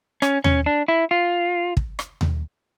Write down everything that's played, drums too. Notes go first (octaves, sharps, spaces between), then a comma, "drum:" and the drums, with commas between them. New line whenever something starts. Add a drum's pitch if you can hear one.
C#4, drum: rim click
C#4, drum: tom D#2
D4
E4
F4
drum: kick
drum: rim click
drum: tom D#2